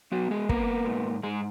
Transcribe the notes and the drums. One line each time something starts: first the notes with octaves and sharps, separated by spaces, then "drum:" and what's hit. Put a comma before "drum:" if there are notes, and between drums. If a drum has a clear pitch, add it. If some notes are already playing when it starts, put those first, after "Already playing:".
F#3 B3 F#4
G#3 G#4
A#3 B3 A#4, drum: kick
G#2
G#2 G#3 G#4